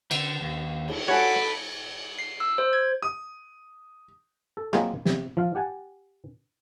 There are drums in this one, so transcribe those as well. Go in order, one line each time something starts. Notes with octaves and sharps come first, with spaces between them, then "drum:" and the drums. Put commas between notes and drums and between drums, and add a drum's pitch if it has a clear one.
D3, drum: cymbal
D#2
drum: cymbal
F#4 A4 B4 C#5 G#5 D6
C7
E6
C5
G#6
D#6
A4
F#3 A#3 C4 F4 G#4 D#5, drum: rim click
C3, drum: snare
F3 F5
G4 F#5 G#5 A5